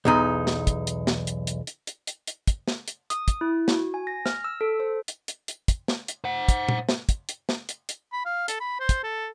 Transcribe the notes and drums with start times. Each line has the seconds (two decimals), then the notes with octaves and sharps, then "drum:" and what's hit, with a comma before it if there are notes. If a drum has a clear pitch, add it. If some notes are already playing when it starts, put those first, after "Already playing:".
0.05 B1 E2 D#4
0.47 drum: snare
0.67 drum: kick, hi-hat
0.87 drum: hi-hat
1.07 drum: snare
1.27 drum: hi-hat
1.47 drum: hi-hat
1.67 drum: hi-hat
1.87 drum: hi-hat
2.07 drum: hi-hat
2.27 drum: hi-hat
2.47 drum: kick, hi-hat
2.68 drum: snare
2.88 drum: hi-hat
3.10 D#6, drum: hi-hat
3.28 drum: kick, hi-hat
3.41 E4
3.68 F#4, drum: snare
3.94 G#5
4.07 A#6
4.26 F6, drum: snare
4.44 E6
4.61 A4
4.80 C5
5.08 drum: hi-hat
5.28 drum: hi-hat
5.48 drum: hi-hat
5.68 drum: kick, hi-hat
5.88 drum: snare
6.08 drum: hi-hat
6.24 C5 F#5
6.48 drum: kick, hi-hat
6.69 drum: tom A#2
6.89 drum: snare
7.09 drum: kick, hi-hat
7.29 drum: hi-hat
7.49 drum: snare
7.69 drum: hi-hat
7.89 drum: hi-hat
8.12 B5
8.25 F5
8.48 A4, drum: hi-hat
8.60 B5
8.80 C5
8.89 drum: kick, hi-hat
9.03 A4